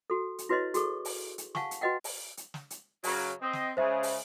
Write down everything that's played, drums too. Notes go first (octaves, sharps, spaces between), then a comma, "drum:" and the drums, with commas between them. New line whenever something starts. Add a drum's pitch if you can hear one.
F#4 A4
drum: hi-hat
E4 F#4 B4 C#5 D#5 C6
F#4 G#4 A4 C#6, drum: hi-hat
drum: open hi-hat
drum: hi-hat
F5 F#5 G#5 A5 C#6, drum: snare
drum: hi-hat
F#4 B4 D#5 F#5 G5
drum: open hi-hat
drum: hi-hat
drum: snare
drum: hi-hat
C#3 F#3 A#4, drum: open hi-hat
C4 D#5
drum: snare
C#3 G#3 G#4 C5 E5
drum: open hi-hat